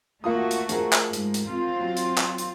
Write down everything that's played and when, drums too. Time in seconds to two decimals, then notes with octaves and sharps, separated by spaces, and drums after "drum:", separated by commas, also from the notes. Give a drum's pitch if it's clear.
0.24 A3 A#3 F4 F#4 D#6
0.51 drum: hi-hat
0.69 F3 G#4 A#4, drum: hi-hat
0.93 drum: clap
1.13 G#2, drum: hi-hat
1.34 drum: hi-hat
1.46 C4 F4
1.79 F#3
1.97 drum: hi-hat
2.18 drum: clap
2.38 drum: hi-hat